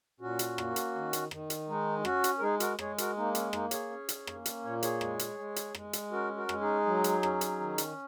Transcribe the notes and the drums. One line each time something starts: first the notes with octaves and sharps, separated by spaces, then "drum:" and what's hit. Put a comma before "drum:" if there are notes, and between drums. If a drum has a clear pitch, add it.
A#2 C#4 F#4
drum: hi-hat
A#3, drum: rim click
drum: hi-hat
D#3
drum: hi-hat
D#3, drum: rim click
drum: hi-hat
G#3 D#4
C#4 F#4, drum: rim click
drum: hi-hat
A#4
G#3 D#4 G#4
F#4 A#4, drum: hi-hat
G#3 G#4 C#5, drum: rim click
F#4 A#4, drum: hi-hat
A#3 D#4
C#4, drum: hi-hat
A#3 D#4, drum: rim click
G#4 C#5, drum: hi-hat
C#4
drum: hi-hat
A#3, drum: rim click
drum: hi-hat
A#2 C#5
G#4 C#5, drum: hi-hat
G#3, drum: rim click
drum: hi-hat
G#3
drum: hi-hat
G#3, drum: rim click
drum: hi-hat
C#4 F#4 A#4
F#4 A#4
G#3, drum: rim click
D#4 G#4
F#3
drum: hi-hat
C#4, drum: rim click
drum: hi-hat
D#3
drum: hi-hat